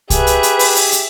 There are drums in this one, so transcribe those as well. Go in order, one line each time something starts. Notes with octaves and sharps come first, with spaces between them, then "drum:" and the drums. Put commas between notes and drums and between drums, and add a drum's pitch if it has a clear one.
G4 G#4 B4 E5, drum: kick C2, hi-hat
drum: hi-hat
drum: hi-hat
drum: open hi-hat
drum: open hi-hat
drum: hi-hat